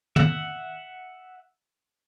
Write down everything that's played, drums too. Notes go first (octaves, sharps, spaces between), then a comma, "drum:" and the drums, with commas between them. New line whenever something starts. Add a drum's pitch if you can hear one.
E5 F#5, drum: tom